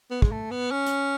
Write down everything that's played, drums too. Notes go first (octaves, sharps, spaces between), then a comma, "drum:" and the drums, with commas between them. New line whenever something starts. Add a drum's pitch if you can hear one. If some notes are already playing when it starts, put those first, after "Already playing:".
B3
G#3, drum: kick
A3
B3
C#4
drum: hi-hat